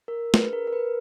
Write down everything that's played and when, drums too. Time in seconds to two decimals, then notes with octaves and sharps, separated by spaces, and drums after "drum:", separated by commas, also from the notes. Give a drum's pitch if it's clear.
0.08 A#4
0.34 D4 G#4 B4, drum: snare
0.53 A#4
0.67 A#4
0.73 B4